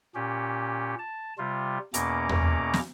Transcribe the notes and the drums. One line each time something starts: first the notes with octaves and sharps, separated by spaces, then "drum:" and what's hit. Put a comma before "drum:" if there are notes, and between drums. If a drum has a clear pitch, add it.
A#2 C#4 G4
A5
C3 G3 F4
E2 B2 A#3 C#4 A#5 D6, drum: hi-hat
drum: tom E2
drum: snare